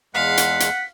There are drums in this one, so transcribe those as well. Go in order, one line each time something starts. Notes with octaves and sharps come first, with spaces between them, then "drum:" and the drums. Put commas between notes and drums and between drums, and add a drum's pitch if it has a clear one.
E2 G#3 F5 F#5 B6
drum: hi-hat
drum: hi-hat